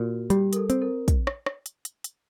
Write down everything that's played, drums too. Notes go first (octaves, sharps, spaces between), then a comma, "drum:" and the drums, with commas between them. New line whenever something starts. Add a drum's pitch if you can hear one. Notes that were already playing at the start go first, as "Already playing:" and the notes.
Already playing: A#2 F#4
G3 G4, drum: hi-hat
A#4, drum: hi-hat
A4
C4, drum: hi-hat
A#4
drum: kick, hi-hat
drum: rim click
drum: rim click
drum: hi-hat
drum: hi-hat
drum: hi-hat